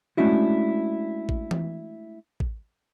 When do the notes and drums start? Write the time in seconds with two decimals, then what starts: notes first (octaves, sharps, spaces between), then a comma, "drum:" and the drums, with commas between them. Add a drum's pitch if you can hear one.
0.17 G#3 A3 C#4 D4 E4 F#4
1.29 drum: kick A1
1.51 drum: tom E3
2.40 drum: kick A1